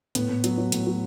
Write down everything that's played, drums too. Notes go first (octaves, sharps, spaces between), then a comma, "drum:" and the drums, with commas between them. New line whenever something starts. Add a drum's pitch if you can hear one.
A2 B3, drum: hi-hat
A2
F#3, drum: hi-hat
F#3
A2, drum: hi-hat
F#3